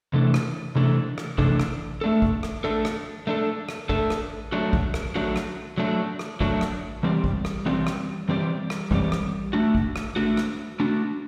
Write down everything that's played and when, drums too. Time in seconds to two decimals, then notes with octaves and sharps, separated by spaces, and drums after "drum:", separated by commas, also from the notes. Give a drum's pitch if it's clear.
0.13 C3 E3 A3 D4 A4
0.34 drum: rim click
0.75 C3 E3 A3 D4 A4
1.18 drum: rim click
1.38 C3 E3 A3 D4 A4, drum: kick A1
1.60 drum: rim click
2.01 A3 D4 A4
2.22 drum: kick A1
2.43 drum: rim click
2.64 A3 D4 A4
2.85 drum: rim click
3.27 A3 D4 A4
3.69 drum: rim click
3.89 A3 D4 A4, drum: kick A1
4.10 drum: rim click
4.52 F#3 A3 D4 F#4
4.73 drum: kick A1
4.94 drum: rim click
5.15 F#3 A3 D4 F#4
5.36 drum: rim click
5.78 F#3 A3 D4 F#4
6.19 drum: rim click
6.40 F#3 A3 D4 F#4, drum: kick A1
6.61 drum: rim click
7.03 E3 G3 C4 G4 D5
7.24 drum: kick A1
7.45 drum: rim click
7.66 E3 G3 C4 G4 D5
7.87 drum: rim click
8.29 E3 G3 C4 G4 D5
8.70 drum: rim click
8.91 E3 G3 C4 G4 D5, drum: kick A1
9.12 drum: rim click
9.53 A3 D4 F#4
9.75 drum: kick A1
9.96 drum: rim click
10.16 A3 D4 F#4
10.37 drum: rim click
10.80 A3 D4 F#4